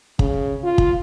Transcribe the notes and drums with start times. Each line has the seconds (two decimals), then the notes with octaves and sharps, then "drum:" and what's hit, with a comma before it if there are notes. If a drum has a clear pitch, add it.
0.19 C#3, drum: kick
0.63 F4
0.78 drum: kick